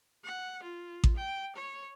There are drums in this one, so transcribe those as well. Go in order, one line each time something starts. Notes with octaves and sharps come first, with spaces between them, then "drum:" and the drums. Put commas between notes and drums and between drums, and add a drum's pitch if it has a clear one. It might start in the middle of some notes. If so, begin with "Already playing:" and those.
F#5
F4
drum: kick A1
G5
C#5